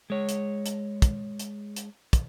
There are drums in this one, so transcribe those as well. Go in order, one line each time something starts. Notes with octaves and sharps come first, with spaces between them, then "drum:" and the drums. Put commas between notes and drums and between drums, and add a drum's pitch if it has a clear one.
G#3 C#5
drum: hi-hat
drum: hi-hat
drum: kick, hi-hat
drum: hi-hat
drum: hi-hat
drum: kick, hi-hat